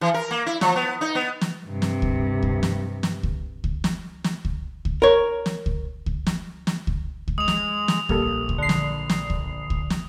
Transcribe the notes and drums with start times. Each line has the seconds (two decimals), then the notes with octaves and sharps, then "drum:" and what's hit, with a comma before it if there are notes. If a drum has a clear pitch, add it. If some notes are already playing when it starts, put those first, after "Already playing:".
0.01 E3
0.14 A#4
0.31 A#3
0.46 E4
0.61 F3, drum: snare
0.76 B3
1.01 D#4
1.15 B3
1.41 drum: snare
1.67 G2 C3
1.82 drum: snare
2.02 drum: kick C#2
2.43 drum: kick C#2
2.63 drum: snare
3.03 drum: snare
3.23 drum: kick C#2
3.64 drum: kick C#2
3.84 drum: snare
4.24 drum: snare
4.45 drum: kick C#2
4.85 drum: kick C#2
5.02 A#4 C#5
5.46 drum: snare
5.66 drum: kick C#2
6.06 drum: kick C#2
6.27 drum: snare
6.67 drum: snare
6.87 drum: kick C#2
7.28 drum: kick C#2
7.38 G#3 D#6 F7
7.48 drum: snare
7.88 drum: snare
8.09 A#1 G3 A#3 A4, drum: kick C#2
8.49 drum: kick C#2
8.58 D3 C7
8.69 drum: snare
9.10 drum: snare
9.30 drum: kick C#2
9.70 drum: kick C#2
9.90 drum: snare